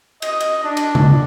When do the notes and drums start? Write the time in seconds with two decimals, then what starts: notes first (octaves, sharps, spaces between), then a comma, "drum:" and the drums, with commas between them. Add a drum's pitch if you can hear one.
0.22 D#5, drum: cymbal
0.40 drum: cymbal
0.64 D4
0.77 drum: cymbal
0.95 drum: tom C#3